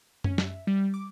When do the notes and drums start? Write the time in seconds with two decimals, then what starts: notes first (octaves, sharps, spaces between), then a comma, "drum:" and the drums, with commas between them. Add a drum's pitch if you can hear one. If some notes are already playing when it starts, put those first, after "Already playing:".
0.24 C#4, drum: tom F#2
0.38 E5, drum: snare
0.67 G3
0.94 D6